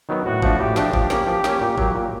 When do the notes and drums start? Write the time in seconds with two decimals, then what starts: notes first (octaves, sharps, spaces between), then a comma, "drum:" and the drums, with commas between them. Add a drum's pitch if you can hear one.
0.09 D#3 F#3 B3
0.25 A2 F#4
0.42 F3 A3 D4, drum: kick G1
0.60 A2 G4
0.76 F3 A3 D4, drum: snare
0.93 F3, drum: kick G1
1.10 A#3 C#4, drum: snare
1.27 F3
1.44 A#3 C#4, drum: snare
1.61 A#2
1.78 F#3 A#3, drum: kick G1
1.95 A#2